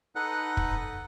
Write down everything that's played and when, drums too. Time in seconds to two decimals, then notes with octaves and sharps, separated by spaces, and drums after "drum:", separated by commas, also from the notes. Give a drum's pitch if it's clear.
0.15 D#4 A4 B4 D#5 F#5 F#6
0.57 drum: kick